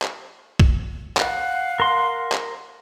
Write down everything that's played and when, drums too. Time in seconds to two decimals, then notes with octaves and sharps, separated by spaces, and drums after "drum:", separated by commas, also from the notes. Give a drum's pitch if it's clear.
0.02 drum: clap
0.60 drum: kick
1.17 F5 F#5, drum: clap
1.80 A#4 C6
2.32 drum: clap